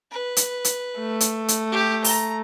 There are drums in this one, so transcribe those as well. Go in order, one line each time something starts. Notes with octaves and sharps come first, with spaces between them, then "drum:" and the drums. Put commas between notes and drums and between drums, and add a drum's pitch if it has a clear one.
B4
drum: hi-hat
drum: hi-hat
A3
drum: hi-hat
drum: hi-hat
G4
A#5, drum: open hi-hat